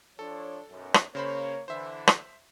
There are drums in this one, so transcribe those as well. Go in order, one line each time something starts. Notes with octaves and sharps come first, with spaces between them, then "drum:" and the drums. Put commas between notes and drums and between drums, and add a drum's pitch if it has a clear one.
F3 D4 A4 C#5
B1 F#2
drum: rim click
C#3 A#3 C5 C#5 B5
D3 E3 C5 E5
drum: rim click